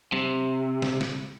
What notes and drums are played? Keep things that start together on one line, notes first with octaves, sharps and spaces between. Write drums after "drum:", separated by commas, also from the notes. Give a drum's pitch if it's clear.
C3, drum: tom F#3
drum: snare
drum: snare